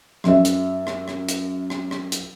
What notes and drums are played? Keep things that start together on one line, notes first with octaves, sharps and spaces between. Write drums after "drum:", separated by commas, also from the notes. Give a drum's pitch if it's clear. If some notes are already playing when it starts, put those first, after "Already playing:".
F#2 E5, drum: rim click
drum: hi-hat
drum: rim click
drum: rim click
drum: hi-hat
drum: rim click
drum: rim click
drum: hi-hat